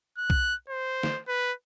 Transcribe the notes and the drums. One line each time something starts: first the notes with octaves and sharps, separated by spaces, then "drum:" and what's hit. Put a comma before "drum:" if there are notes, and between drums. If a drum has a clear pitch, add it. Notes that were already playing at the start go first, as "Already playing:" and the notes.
F#6
drum: kick B1
C5
drum: snare
B4